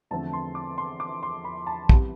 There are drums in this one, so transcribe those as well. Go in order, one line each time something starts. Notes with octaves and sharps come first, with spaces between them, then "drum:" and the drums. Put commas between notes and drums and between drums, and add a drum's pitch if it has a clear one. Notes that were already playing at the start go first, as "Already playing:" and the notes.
E2 D3 F3 A3 C4 A5
C6
D6
C6
D6
C6
B5
A5
C3 E3 G3 B3, drum: kick